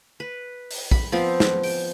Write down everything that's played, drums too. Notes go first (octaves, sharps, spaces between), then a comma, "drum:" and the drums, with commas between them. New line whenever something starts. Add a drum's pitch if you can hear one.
B4
drum: open hi-hat
B5, drum: kick
F3 B3 C4
drum: snare
G5, drum: open hi-hat